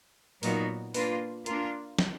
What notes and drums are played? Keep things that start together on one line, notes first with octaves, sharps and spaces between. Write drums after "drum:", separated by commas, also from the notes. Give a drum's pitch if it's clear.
A#2 F#3 B3 D#4 F#4 A#4, drum: open hi-hat
A#3 D4 F4 B4, drum: open hi-hat
A#3 D4 F4 A#4, drum: hi-hat
drum: snare